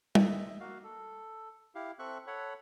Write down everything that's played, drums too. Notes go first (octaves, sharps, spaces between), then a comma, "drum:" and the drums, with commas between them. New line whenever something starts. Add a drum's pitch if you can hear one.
D#5 E5, drum: tom G3
A#3 F#4 F5
A4
E4 G4 F5
C4 A4 E5 C#6 F#6
A4 C#5 F#5 B5